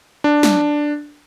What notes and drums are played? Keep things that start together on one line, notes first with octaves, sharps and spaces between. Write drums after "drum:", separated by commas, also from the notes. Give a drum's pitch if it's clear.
D4
drum: snare